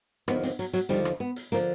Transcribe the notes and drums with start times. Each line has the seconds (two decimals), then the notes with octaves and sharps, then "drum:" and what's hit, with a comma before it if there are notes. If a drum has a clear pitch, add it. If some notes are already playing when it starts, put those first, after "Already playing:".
0.28 D#2 D3 F3 B3, drum: rim click
0.43 C4, drum: hi-hat
0.59 F#3, drum: hi-hat
0.73 F#3, drum: hi-hat
0.89 D#2 D3 F3 G3, drum: hi-hat
1.05 drum: rim click
1.20 B3
1.36 drum: hi-hat
1.52 D3 F3 A#3, drum: hi-hat